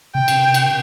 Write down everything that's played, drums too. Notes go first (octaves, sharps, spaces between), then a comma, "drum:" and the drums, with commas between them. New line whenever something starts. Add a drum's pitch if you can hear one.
C3 G5
drum: cymbal
drum: cymbal